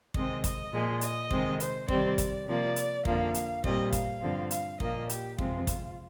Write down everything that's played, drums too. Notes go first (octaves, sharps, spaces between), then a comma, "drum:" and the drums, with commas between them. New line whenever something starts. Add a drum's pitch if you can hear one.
C3 D#3 G#3 C4 D#5, drum: kick
D#5, drum: kick, hi-hat
A#2 F3 G#3
D#5, drum: hi-hat
C3 D#3 G#3 C4, drum: kick
C5, drum: hi-hat
C3 D#3 G3 C4 D5, drum: kick
drum: kick, hi-hat
C3 F3 A#3 D5
drum: hi-hat
F2 D3 F3 A#3 F5, drum: kick
drum: hi-hat
A#2 G3 C4 D#5, drum: kick
F5, drum: kick, hi-hat
G2 D3 F3 C4
F5, drum: hi-hat
A#2 F3 A#3 D#5, drum: kick
G4, drum: hi-hat
F2 C3 F3 G#3 C4 F4, drum: kick
drum: kick, hi-hat